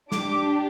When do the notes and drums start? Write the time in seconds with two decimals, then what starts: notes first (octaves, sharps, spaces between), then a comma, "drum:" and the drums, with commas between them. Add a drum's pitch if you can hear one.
0.12 D4 G4 D6, drum: snare